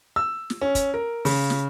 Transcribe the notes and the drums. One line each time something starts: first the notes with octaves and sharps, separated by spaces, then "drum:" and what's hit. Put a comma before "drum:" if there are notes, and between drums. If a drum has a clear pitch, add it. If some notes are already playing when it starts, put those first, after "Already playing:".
E6
drum: snare
C#4
drum: kick, hi-hat
A#4
C#3, drum: open hi-hat
drum: snare